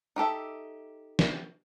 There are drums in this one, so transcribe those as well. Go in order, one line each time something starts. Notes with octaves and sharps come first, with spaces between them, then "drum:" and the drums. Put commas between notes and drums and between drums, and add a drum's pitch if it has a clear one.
D#4 G4 A4 E5
drum: snare